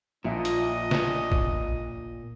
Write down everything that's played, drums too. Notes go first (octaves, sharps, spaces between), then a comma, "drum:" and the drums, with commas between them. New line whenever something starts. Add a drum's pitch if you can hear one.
A#1 A#2 F3 D4 D#5 E5
drum: hi-hat
drum: snare
drum: kick A1